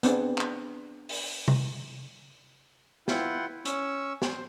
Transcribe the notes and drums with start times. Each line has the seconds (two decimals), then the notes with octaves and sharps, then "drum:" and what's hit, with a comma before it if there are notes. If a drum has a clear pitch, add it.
0.03 B3 C4 D4 G#4, drum: hi-hat
0.38 drum: clap
1.09 drum: open hi-hat
1.48 drum: tom C3
3.08 E4 F4 B4 F#5 G5, drum: snare
3.65 C#4 C#6 E6, drum: hi-hat
4.22 C5, drum: snare